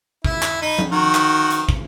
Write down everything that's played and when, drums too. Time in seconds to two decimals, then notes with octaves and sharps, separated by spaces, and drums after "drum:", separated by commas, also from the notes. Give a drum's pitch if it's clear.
0.24 E4, drum: kick
0.43 drum: clap
0.62 D#4 B5
0.79 drum: tom F3
0.92 D#3 F#4
1.15 drum: clap
1.51 drum: hi-hat
1.69 drum: kick